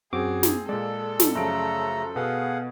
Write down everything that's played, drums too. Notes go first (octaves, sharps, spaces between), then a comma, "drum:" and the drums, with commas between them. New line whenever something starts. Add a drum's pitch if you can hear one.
F#2 C4 F#4 G#4 D6
drum: snare
A#2 G#3 A4 D5
drum: snare
F#2 C#3 F3 A3 A#5 D7
B2 B3 G#4 F5 F#5